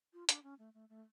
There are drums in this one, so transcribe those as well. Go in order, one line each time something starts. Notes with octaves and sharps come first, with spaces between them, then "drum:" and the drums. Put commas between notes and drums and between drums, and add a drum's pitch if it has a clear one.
F4
D4, drum: hi-hat
C#4
A3
A3
A3